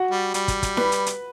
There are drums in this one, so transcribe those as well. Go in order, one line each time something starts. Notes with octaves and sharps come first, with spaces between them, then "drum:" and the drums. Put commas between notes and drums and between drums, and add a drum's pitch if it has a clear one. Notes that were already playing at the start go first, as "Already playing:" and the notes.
Already playing: F#4 F#5
G3
G3, drum: hi-hat
drum: kick, hi-hat
drum: kick, hi-hat
B4 B5, drum: snare E4
drum: hi-hat
drum: hi-hat